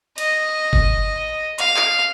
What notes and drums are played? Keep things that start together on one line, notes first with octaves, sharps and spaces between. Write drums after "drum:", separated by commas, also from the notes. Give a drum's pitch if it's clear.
D#5, drum: cymbal
drum: kick F#1
F5, drum: hi-hat
drum: clap